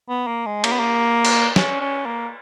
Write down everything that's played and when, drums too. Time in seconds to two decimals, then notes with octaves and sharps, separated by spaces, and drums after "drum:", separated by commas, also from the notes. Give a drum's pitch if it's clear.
0.09 B3
0.27 A#3
0.46 G#3
0.64 A#3, drum: cymbal
0.72 B3
0.80 A#3
1.25 drum: cymbal
1.56 C#4, drum: snare
1.81 C#4
2.06 A#3